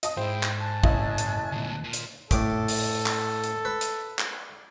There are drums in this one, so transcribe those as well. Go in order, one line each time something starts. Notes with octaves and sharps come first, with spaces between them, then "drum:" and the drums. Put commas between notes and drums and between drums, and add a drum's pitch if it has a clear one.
D#5 A5 D#6, drum: hi-hat
G#2 E4 G#4 C5 G5
drum: clap
G#5 A5 F#6
F#1 E4 D#5, drum: kick
drum: hi-hat
D2 A#2
A#2
drum: hi-hat
A2 A4 D6 D#6, drum: kick, hi-hat
drum: open hi-hat
drum: clap
drum: hi-hat
B4
drum: hi-hat
drum: clap